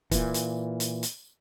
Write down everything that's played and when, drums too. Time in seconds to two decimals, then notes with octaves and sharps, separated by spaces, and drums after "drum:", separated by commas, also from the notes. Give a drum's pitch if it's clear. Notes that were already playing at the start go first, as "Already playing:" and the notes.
0.11 A#2 E3, drum: kick, hi-hat
0.34 drum: hi-hat
0.80 drum: hi-hat
1.03 drum: hi-hat